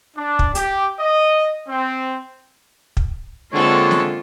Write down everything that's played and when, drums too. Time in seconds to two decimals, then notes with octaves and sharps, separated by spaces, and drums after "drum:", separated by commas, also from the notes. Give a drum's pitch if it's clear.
0.17 D4
0.39 drum: kick
0.55 G4, drum: hi-hat
1.00 D#5
1.68 C4
2.97 drum: kick
3.53 D3 G#3 A#3 C4 F4 A4 C#5
3.91 drum: snare